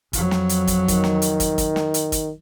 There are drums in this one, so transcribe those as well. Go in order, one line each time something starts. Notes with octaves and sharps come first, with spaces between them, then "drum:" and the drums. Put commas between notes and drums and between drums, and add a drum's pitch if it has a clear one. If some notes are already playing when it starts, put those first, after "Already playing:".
F2 F#3, drum: kick, hi-hat
drum: snare
drum: hi-hat
drum: kick, hi-hat
D#3, drum: kick, hi-hat
drum: snare
drum: hi-hat
drum: kick, hi-hat
drum: kick, hi-hat
drum: snare
drum: hi-hat
drum: kick, hi-hat